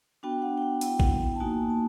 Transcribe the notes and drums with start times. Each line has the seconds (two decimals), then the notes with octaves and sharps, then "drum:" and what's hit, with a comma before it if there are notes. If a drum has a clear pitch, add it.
0.23 B3 D4 F#4 G5
0.42 F#5
0.57 G5
0.62 F#5
0.81 B3 E4 G5, drum: hi-hat
1.00 drum: kick A1
1.35 A5
1.40 A#3 D#4 F#4 G#5
1.70 A5